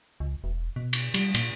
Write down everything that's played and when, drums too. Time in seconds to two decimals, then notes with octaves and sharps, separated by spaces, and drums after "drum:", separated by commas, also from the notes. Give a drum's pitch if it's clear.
0.20 C#2
0.44 E1
0.76 B2
0.93 drum: cymbal
1.14 G3, drum: cymbal
1.35 A#2, drum: cymbal